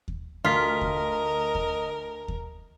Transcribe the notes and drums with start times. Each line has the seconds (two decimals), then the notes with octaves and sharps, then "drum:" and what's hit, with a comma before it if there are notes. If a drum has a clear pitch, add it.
0.08 drum: kick D#2
0.45 D2 F4 A#4 D#5 F6 B6
0.81 drum: kick D#2
1.55 drum: kick D#2
2.28 drum: kick D#2